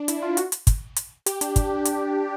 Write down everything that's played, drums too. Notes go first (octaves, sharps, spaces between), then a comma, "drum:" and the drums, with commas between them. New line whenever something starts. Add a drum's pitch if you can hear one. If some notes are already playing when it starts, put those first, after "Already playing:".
Already playing: D4
E4, drum: hi-hat
F4
F#4, drum: hi-hat
drum: hi-hat
drum: kick, hi-hat
drum: hi-hat
G4, drum: hi-hat
D4, drum: hi-hat
drum: kick, hi-hat
drum: hi-hat